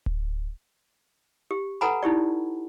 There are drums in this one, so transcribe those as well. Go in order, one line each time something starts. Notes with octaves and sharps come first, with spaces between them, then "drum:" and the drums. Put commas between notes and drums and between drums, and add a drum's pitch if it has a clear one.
drum: kick D1
G4
A4 B4 F#5 G#5 A#5 B5
D#4 E4 G4 D5